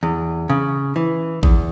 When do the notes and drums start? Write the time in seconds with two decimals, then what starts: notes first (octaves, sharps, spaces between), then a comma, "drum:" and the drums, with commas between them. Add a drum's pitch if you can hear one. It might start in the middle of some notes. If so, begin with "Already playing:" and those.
0.03 E2
0.49 C#3
0.96 E3
1.43 E2, drum: kick